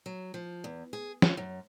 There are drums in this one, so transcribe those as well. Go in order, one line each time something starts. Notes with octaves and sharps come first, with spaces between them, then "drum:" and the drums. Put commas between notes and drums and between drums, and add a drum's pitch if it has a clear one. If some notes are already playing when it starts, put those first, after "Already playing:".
F#3
F3
E2
G#4
C#4, drum: snare
F#2